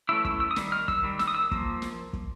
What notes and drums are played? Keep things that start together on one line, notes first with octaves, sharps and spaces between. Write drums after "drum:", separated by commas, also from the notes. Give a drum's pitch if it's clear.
E3 A3 C#4 E4 E6
E6, drum: kick
E6
D#6
D#3 G3, drum: snare
F6
E6, drum: kick
D#3 G3
E6, drum: snare
D#6
E6
F3 A#3, drum: kick
drum: snare
drum: kick